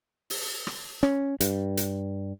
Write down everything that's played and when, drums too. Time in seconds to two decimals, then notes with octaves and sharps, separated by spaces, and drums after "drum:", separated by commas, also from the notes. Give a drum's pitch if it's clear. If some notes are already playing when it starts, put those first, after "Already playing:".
0.30 drum: open hi-hat
0.67 drum: rim click
1.03 C#4, drum: rim click
1.40 G2, drum: hi-hat
1.77 drum: hi-hat